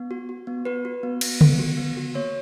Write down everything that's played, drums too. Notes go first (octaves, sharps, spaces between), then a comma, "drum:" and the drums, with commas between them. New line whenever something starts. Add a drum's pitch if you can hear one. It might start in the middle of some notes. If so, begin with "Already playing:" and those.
Already playing: B3
F#4
F#4
B3
F#4 B4
F#4
B3
B3, drum: cymbal
B3, drum: tom C#3
F#4
B3
F#4
A#3 C#5